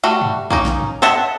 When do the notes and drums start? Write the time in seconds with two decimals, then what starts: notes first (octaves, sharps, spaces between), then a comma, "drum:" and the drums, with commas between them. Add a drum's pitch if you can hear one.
0.03 G3 A3 F#4
0.21 drum: tom G2
0.50 A#3 C#4 D#4, drum: kick
0.65 drum: snare
0.79 drum: tom G2
1.02 A4 D#5 E5 F#5 A5